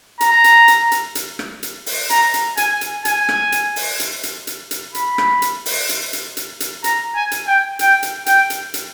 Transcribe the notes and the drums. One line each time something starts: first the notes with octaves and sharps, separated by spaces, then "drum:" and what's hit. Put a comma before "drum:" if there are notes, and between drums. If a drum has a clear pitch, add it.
A#5, drum: hi-hat
drum: hi-hat
drum: hi-hat
drum: hi-hat
drum: hi-hat
drum: rim click
drum: hi-hat
drum: open hi-hat
A#5, drum: hi-hat
drum: hi-hat
G#5, drum: hi-hat
drum: hi-hat
G#5, drum: hi-hat
drum: rim click
drum: hi-hat
drum: open hi-hat
drum: hi-hat
drum: hi-hat
drum: hi-hat
drum: hi-hat
B5, drum: hi-hat
drum: rim click
drum: hi-hat
drum: open hi-hat
drum: hi-hat
drum: hi-hat
drum: hi-hat
drum: hi-hat
A#5, drum: hi-hat
G#5
drum: hi-hat
G5
G5, drum: hi-hat
drum: hi-hat
G5, drum: hi-hat
drum: hi-hat
drum: hi-hat